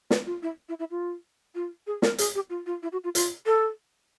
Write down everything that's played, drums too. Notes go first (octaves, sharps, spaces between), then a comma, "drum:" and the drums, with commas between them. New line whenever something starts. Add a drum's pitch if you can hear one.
B4, drum: snare
F4
E4
E4
E4
F4
F4
G#4
A#4, drum: snare
G#4, drum: hi-hat
G4
F4
F4
E4
F#4
F4
F4, drum: hi-hat
A4